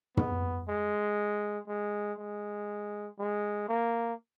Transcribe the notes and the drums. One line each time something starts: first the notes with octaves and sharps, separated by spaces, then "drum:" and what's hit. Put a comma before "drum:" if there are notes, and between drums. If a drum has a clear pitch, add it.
B3, drum: tom
G#3
G#3
G#3
G#3
A#3